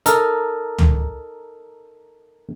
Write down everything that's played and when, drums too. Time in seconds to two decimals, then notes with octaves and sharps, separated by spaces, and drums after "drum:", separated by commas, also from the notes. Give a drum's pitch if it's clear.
0.06 D#4 A4 A#4, drum: hi-hat
0.78 drum: tom C#2